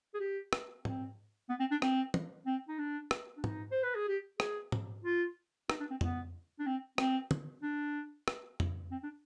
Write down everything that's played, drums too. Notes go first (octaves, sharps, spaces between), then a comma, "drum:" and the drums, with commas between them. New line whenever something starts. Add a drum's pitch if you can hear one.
G#4
G4
drum: rim click
C4, drum: tom G#2
B3
C4
D4
C4, drum: rim click
drum: tom
C4
D#4
D4
drum: rim click
D4
D#4, drum: tom G#2
C5
B4
G#4
G4
G#4, drum: rim click
drum: tom G#2
F4
D#4, drum: rim click
D4
C4
B3, drum: tom F2
D4
C4
C4, drum: rim click
drum: tom D3
D4
drum: rim click
drum: tom F2
C4
D4